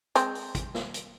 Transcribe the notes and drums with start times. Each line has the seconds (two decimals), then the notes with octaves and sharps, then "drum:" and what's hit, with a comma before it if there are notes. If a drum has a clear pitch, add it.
0.15 G#3 C4, drum: hi-hat
0.35 drum: open hi-hat
0.55 drum: kick, hi-hat
0.74 drum: snare
0.94 drum: hi-hat